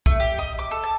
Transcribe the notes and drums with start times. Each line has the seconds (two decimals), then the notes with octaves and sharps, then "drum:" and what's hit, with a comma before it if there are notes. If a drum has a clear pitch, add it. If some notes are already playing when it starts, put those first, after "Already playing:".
0.06 A3, drum: kick
0.20 G4
0.39 D#5
0.59 D6
0.71 A4
0.83 A5